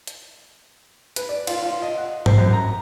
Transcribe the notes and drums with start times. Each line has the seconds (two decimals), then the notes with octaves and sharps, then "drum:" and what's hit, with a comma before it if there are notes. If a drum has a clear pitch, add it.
0.07 drum: hi-hat
1.16 B4, drum: hi-hat
1.29 D5
1.47 F4, drum: cymbal
1.62 F4
1.82 D#5
1.97 F#5
2.26 C5, drum: tom G#2
2.38 F#2
2.53 A#5